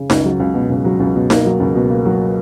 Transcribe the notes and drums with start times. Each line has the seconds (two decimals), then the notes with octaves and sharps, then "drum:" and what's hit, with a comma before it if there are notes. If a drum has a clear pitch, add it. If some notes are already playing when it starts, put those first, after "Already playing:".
Already playing: C#3
0.10 C#2, drum: snare D#4
0.24 F#3
0.40 C#2
0.54 B2
0.69 C#2
0.84 F#3
1.00 C#2
1.15 B2
1.30 A#3, drum: snare D#4
1.45 F#3
1.60 C#2
1.75 B2
1.90 A#3
2.05 F#3